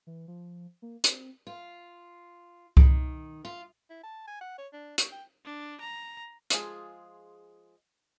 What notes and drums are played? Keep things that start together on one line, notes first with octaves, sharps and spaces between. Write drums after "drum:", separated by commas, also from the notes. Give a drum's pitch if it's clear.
E3
F3
A#3
C4, drum: hi-hat
F4
D#3, drum: kick C2
F4
E4
A5
G#5
F#5
C#5
D4
C#6, drum: hi-hat
G5
D4
A#5
F3 G#3 F4 G#4, drum: hi-hat